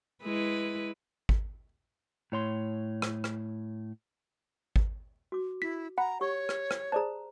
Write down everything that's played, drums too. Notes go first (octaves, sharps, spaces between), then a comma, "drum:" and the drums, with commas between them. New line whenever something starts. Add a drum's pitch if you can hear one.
G#3 E4 B4
drum: kick G#1
A2 C#5 C6
drum: rim click
drum: rim click
drum: kick G#1
F#4 D6
E4 B6
F#5 A#5 B5
G4 C#5 C#6
drum: rim click
drum: rim click
G#4 C5 D5 A5 A#5